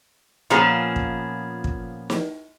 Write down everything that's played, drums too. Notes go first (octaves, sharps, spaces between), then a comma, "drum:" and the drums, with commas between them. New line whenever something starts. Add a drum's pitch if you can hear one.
A#2 F3 B3 C#4 G#4
drum: kick
drum: kick
drum: snare